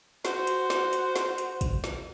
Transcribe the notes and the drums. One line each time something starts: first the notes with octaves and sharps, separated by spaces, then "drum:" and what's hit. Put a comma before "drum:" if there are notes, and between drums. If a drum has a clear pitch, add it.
F#4 C5, drum: snare
drum: hi-hat
drum: snare
drum: hi-hat
drum: snare
drum: hi-hat
drum: kick, hi-hat
drum: snare